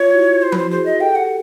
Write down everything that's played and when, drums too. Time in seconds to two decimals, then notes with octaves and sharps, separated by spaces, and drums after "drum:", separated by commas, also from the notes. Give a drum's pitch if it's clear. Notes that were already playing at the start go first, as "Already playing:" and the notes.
Already playing: F4 C#5
0.13 E4 F#4
0.42 C5
0.52 B4, drum: tom F3
0.57 C5
0.71 F#4 G#4 C5
0.85 D#5
1.00 G4 A4 G5
1.15 F#5